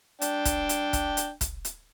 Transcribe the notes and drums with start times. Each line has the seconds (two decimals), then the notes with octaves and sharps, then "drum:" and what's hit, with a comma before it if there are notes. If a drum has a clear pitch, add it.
0.21 D4 G5, drum: hi-hat
0.45 drum: kick, hi-hat
0.69 drum: hi-hat
0.93 drum: kick, hi-hat
1.17 drum: hi-hat
1.41 drum: kick, hi-hat
1.65 drum: hi-hat